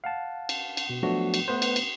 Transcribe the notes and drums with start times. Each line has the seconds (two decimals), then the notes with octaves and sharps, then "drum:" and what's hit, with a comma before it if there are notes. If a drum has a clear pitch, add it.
0.04 F5 F#5 A5
0.49 drum: cymbal
0.77 drum: cymbal
0.90 B2
1.03 F3 F#3 A3 B3 D4 F#4
1.34 drum: cymbal
1.48 A3 B3 B4 C5
1.62 drum: cymbal
1.76 drum: cymbal